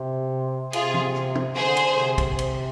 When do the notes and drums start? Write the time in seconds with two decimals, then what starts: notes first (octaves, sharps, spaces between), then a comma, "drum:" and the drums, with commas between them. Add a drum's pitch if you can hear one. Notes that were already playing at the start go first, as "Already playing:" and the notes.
Already playing: C3
0.73 C3 F4 G#4, drum: cymbal
0.94 drum: tom
1.15 drum: rim click
1.35 drum: tom
1.55 D3 G#4 C5
1.77 drum: cymbal
1.97 C3, drum: rim click
2.18 drum: kick, cymbal
2.39 drum: cymbal